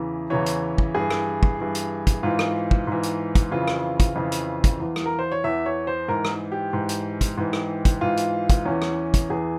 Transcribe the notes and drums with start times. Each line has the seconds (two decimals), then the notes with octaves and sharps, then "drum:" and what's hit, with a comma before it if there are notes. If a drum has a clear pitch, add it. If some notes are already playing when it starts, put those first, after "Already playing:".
Already playing: E2 C#3 E3
0.30 E2 C#3 E3 C#5
0.46 drum: hi-hat
0.78 drum: kick
0.94 G2 E3 G#4
1.11 drum: rim click
1.43 drum: kick
1.59 G2 E3
1.75 drum: hi-hat
2.07 drum: kick, hi-hat
2.23 G#2 E3 F4
2.39 drum: rim click
2.71 drum: kick
2.87 G#2 E3
3.03 drum: hi-hat
3.35 drum: kick, hi-hat
3.51 F2 C#3 E3 F4
3.68 drum: rim click
4.00 drum: kick, hi-hat
4.16 F2 C#3 E3
4.32 drum: hi-hat
4.64 drum: kick, hi-hat
4.80 E2 E3
4.96 drum: rim click
5.06 A#4
5.19 C5
5.32 C#5
5.44 E2 E3 E5
5.66 C#5
5.87 C5
6.08 G#2 E3 A#4
6.25 drum: rim click
6.52 G4
6.73 G#2 E3
6.89 drum: hi-hat
7.21 drum: kick, hi-hat
7.37 G#2 E3
7.53 drum: rim click
7.85 drum: kick, hi-hat
8.01 G#2 E3 F4
8.17 drum: hi-hat
8.50 drum: kick, hi-hat
8.66 E2 E3 C#4
8.82 drum: rim click
9.14 drum: kick, hi-hat
9.30 E2 E3 G#4